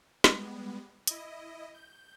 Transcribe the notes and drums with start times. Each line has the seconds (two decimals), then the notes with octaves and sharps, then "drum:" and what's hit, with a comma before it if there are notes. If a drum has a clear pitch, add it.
0.24 G3 G#3 B3, drum: snare
1.07 E4 D#5, drum: hi-hat
1.74 G6